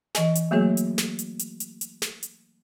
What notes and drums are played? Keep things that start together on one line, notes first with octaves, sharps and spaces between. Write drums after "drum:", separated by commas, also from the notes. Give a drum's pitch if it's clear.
E3 D#5 G#5, drum: snare
drum: hi-hat
F#3 A3 A#3 F#4 G#4 C#5
drum: hi-hat
drum: snare
drum: hi-hat
drum: hi-hat
drum: hi-hat
drum: hi-hat
drum: snare
drum: hi-hat